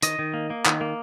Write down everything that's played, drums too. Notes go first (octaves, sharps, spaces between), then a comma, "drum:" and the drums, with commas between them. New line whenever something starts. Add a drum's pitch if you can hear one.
D#3 D#5, drum: hi-hat
D#3
A#3
A#3
D#3, drum: clap
A#3